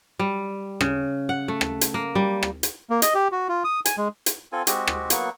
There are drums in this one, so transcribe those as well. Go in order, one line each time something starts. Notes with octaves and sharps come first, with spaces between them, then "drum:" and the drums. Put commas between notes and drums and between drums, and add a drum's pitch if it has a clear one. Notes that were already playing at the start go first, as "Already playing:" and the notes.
G3
C#3, drum: rim click
F#5
A3
drum: rim click
drum: hi-hat
A#3
G3
drum: rim click
drum: hi-hat
A#3
D#5, drum: hi-hat
G4
F#4
F4
D#6
G#5, drum: hi-hat
G#3
drum: hi-hat
C4 F4 A4 G#5
G#3 C4 F#4 G4, drum: hi-hat
drum: rim click
F#3 A#3 B3 C#6, drum: hi-hat